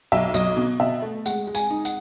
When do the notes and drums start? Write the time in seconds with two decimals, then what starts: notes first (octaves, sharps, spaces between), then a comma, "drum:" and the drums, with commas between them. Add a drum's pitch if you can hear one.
0.12 B1 E5
0.34 B1 D#5, drum: tambourine
0.57 B2
0.80 B2 E5
1.02 A3
1.26 G#3 F#5, drum: tambourine
1.47 G#3
1.55 G#5, drum: tambourine
1.70 D#4
1.85 F#5, drum: tambourine